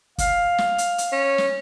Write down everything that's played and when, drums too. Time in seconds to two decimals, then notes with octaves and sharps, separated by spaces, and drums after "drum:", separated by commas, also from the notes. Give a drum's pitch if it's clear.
0.18 F5, drum: kick, hi-hat
0.58 drum: snare
0.78 drum: hi-hat
0.98 drum: hi-hat
1.12 C#4
1.38 drum: snare